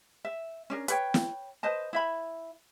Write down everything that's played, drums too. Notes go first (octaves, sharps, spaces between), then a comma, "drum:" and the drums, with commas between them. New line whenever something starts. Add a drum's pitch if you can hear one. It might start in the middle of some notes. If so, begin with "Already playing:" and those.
E5
C#4 D4 A#4
B4 C#5 G5, drum: hi-hat
drum: snare
B4 C5 D#5 A5
E4 E5 B5